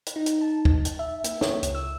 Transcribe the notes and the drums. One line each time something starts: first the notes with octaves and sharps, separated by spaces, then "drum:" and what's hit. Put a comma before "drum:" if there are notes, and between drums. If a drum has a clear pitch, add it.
drum: hi-hat
D#4
drum: hi-hat
A5
drum: kick
drum: hi-hat
E5
A#3, drum: hi-hat
C#5, drum: snare
C#2, drum: hi-hat
E6